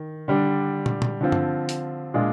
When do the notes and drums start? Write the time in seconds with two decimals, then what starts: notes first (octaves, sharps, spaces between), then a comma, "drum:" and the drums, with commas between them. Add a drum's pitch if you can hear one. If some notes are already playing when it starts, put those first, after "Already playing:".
Already playing: D#3
0.28 D3 G3 D4
0.86 drum: tom
1.02 drum: tom
1.21 D3 F3 C4 F4
1.32 drum: tom G2
1.69 drum: hi-hat
2.14 A#2 G#3 D4 F4